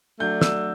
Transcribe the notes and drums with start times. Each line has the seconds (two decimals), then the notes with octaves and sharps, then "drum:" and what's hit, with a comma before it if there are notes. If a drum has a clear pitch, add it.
0.20 F#3 A3 D4 G6
0.41 E6, drum: snare